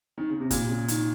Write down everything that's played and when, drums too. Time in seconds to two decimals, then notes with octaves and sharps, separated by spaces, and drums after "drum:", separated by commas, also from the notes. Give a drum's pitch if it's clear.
0.18 D#3
0.29 C#3
0.40 C3
0.51 A#2, drum: kick, hi-hat
0.68 C#3
0.88 D#3, drum: hi-hat